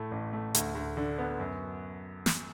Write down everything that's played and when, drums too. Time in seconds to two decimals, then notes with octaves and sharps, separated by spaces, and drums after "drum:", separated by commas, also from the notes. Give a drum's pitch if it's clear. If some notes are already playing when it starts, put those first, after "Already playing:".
Already playing: A2 A3
0.11 A1
0.33 A3
0.55 D2, drum: hi-hat
0.75 D2
0.97 D3
1.19 B3
1.40 F#2
2.26 drum: snare